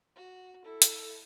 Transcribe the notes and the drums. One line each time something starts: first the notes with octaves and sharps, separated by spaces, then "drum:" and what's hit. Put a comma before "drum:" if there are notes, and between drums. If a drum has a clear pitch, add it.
F#4
E4 A4
drum: hi-hat